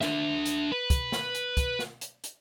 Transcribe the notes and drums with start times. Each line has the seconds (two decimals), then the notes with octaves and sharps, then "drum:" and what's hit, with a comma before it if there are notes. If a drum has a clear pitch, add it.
0.01 D4 E5, drum: snare
0.46 drum: hi-hat
0.72 B4
0.90 drum: kick, hi-hat
1.12 drum: snare
1.35 drum: hi-hat
1.57 drum: kick, hi-hat
1.79 drum: snare
2.01 drum: hi-hat
2.24 drum: hi-hat